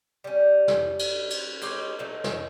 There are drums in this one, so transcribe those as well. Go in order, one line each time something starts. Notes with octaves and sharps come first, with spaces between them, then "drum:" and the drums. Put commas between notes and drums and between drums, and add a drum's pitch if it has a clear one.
G3 C#4
drum: snare
drum: cymbal
drum: cymbal
G#3 D#4 G4 C#5, drum: cymbal
F#3 A3 C#4 D#4
drum: snare